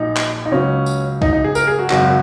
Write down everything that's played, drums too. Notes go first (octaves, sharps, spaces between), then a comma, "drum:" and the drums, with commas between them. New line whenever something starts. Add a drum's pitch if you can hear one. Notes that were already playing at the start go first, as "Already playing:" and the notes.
Already playing: A#1 A#2 F#3 D#4
drum: clap
D#4
C#2 C#3 F#3 C#4
drum: tambourine
D#4, drum: kick
D#4
G#4
A#4, drum: tambourine
G#4
F#4
G#1 F#2 C#3 F#3 F#4, drum: clap